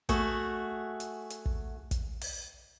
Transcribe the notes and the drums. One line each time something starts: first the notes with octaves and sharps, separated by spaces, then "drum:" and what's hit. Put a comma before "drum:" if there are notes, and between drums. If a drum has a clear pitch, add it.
A3 F#4 G#4, drum: kick, hi-hat
drum: hi-hat
drum: hi-hat
drum: kick
drum: kick, hi-hat
drum: open hi-hat